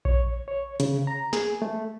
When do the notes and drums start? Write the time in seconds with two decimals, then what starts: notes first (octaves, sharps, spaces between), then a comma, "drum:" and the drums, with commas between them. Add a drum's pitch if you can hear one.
0.05 C#5, drum: kick A#1
0.48 C#5
0.80 C#3, drum: hi-hat
1.07 A#5
1.33 G#4, drum: snare
1.62 A3